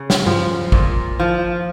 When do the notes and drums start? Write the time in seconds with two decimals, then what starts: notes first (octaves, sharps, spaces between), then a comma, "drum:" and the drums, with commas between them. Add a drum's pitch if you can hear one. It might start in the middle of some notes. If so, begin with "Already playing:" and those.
Already playing: C#3
0.10 drum: snare
0.26 F3, drum: tom G2
0.72 A#2, drum: kick A1
1.20 F3